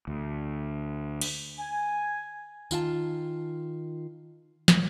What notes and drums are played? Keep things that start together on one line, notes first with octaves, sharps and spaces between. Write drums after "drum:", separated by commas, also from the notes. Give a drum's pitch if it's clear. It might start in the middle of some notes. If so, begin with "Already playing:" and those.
D2
drum: cymbal
G#5
D#3 F4 F5 A5, drum: tambourine
drum: snare